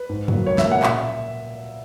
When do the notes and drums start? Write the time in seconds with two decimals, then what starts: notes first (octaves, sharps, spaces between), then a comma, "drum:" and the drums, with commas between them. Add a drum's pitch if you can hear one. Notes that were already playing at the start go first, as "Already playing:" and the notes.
Already playing: B4
0.09 G#2
0.28 F#3 A#3, drum: tom F#2
0.46 C#2 C#5
0.58 E5, drum: snare
0.65 B2 A#3 C#4
0.71 F#5
0.83 A#2 E5, drum: clap